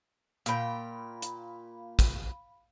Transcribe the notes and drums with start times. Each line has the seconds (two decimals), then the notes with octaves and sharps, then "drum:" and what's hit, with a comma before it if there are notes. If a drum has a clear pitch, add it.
0.46 A#2 F5 G5 B5, drum: hi-hat
1.22 drum: hi-hat
1.99 drum: kick, hi-hat